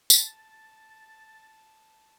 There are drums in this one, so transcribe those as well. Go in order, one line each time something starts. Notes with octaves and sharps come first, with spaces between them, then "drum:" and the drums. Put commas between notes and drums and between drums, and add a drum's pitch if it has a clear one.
A5 A6, drum: tambourine